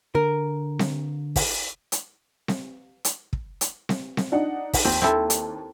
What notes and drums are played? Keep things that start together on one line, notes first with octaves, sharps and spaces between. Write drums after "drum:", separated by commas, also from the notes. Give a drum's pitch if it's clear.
D3 A#4
drum: snare C4
drum: kick, open hi-hat
drum: hi-hat
drum: snare C4
drum: hi-hat
drum: kick
drum: hi-hat
drum: snare C4
drum: snare C4
D4 D#4 F#5
drum: kick, open hi-hat
D#2 C4
C4 E4 A4
drum: hi-hat